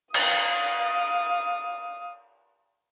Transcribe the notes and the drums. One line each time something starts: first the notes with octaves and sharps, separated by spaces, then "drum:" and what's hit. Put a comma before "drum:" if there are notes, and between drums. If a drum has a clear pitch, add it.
F5 D#6, drum: cymbal